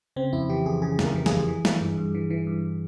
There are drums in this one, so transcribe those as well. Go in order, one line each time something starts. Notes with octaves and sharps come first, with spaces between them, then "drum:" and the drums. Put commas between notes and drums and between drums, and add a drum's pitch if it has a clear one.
C#3 C4
F2 E4
E3 G4
F2 G#4
C#3 G#4
F2, drum: snare
A#4
E3
G#4, drum: snare
F2
E3
E3, drum: snare
G2
G2
E3
E3
G2